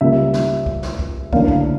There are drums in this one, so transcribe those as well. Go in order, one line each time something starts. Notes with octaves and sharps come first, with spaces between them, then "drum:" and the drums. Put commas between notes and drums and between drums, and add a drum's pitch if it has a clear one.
C#2 C#3 G3 A#3 E5
drum: snare
drum: kick
drum: snare
drum: kick
D2 C#3 E3 A#3 D4 F5, drum: kick
drum: kick